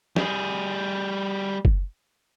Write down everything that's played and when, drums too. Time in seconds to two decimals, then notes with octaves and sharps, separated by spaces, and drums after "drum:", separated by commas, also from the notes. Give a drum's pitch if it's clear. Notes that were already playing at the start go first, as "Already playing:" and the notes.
0.16 G3 G#4, drum: snare
1.65 drum: kick F#1